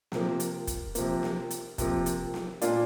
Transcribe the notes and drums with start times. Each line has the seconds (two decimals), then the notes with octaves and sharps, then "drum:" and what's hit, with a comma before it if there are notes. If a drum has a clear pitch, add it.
0.12 C3 F3 A#3, drum: snare
0.40 drum: hi-hat
0.67 drum: kick, hi-hat
0.95 C3 F3 A#3, drum: hi-hat
1.23 drum: snare
1.51 drum: hi-hat
1.78 C3 F3 A#3, drum: kick, hi-hat
2.06 drum: hi-hat
2.34 drum: snare
2.62 A#2 A#3 D4 F4, drum: hi-hat